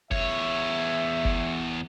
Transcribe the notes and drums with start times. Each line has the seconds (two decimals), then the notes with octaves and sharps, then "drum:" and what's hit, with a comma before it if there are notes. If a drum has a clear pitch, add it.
0.11 E2 C#5 E5, drum: kick F#1
1.25 drum: kick F#1